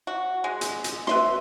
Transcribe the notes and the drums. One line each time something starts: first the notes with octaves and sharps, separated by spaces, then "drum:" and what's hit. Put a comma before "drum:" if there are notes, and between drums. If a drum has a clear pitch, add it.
F#4
G#3
drum: hi-hat
drum: hi-hat
B4 E5 C6, drum: snare